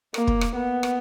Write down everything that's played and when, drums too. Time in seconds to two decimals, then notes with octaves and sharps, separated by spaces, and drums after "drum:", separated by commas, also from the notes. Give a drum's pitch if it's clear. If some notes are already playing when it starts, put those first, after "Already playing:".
0.14 A#3, drum: rim click
0.27 drum: kick
0.41 drum: rim click
0.55 B3
0.83 drum: rim click